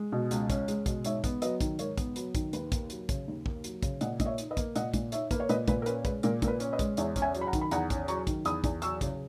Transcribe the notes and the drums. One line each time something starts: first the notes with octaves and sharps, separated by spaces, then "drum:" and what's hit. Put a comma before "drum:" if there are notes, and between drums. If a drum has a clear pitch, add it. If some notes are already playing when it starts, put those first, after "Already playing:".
Already playing: G#3
B2
C#2, drum: hi-hat
C#4, drum: kick, hi-hat
G#3, drum: hi-hat
B2, drum: kick, hi-hat
G#2 C#5 E5, drum: hi-hat
B3, drum: kick, hi-hat
F#3 B4 D#5, drum: hi-hat
D#3, drum: kick, hi-hat
G#2 A#4 C#5, drum: hi-hat
B3, drum: kick, hi-hat
F#3 B4, drum: hi-hat
D#3, drum: kick, hi-hat
D#2 B4, drum: hi-hat
A#3, drum: kick, hi-hat
F#3, drum: hi-hat
C#3, drum: kick, hi-hat
D#2
A#3, drum: kick
F#3, drum: hi-hat
C#3, drum: kick, hi-hat
A#2 D#5 F#5, drum: hi-hat
A#2 D#5, drum: kick, hi-hat
C#5 E5
D#4, drum: hi-hat
B4 D#5
A#3, drum: kick, hi-hat
A#2 D#5 F#5, drum: hi-hat
A#2, drum: kick, hi-hat
D#4 C#5 E5, drum: hi-hat
A#3 B4, drum: kick, hi-hat
C#5
A#2 B4 D#5, drum: hi-hat
A#2 B4, drum: kick, hi-hat
A#4
C#4 B4, drum: hi-hat
G#3 B4, drum: kick, hi-hat
A#2 A#4, drum: hi-hat
A#2 A#4, drum: kick, hi-hat
B4
C#4, drum: hi-hat
B4 D#5
G#3, drum: kick, hi-hat
E2 C#5 E5, drum: hi-hat
C#4, drum: kick, hi-hat
E5 G#5
F#3, drum: hi-hat
B5
F#5 A#5
D#3, drum: kick, hi-hat
B5
E2 F#5 A#5, drum: hi-hat
C#4, drum: kick, hi-hat
F#3 A#5 C#6, drum: hi-hat
D#3, drum: kick, hi-hat
E2 B5 D#6, drum: hi-hat
E2, drum: kick, hi-hat
F#3 C#6 E6, drum: hi-hat
C#3, drum: kick, hi-hat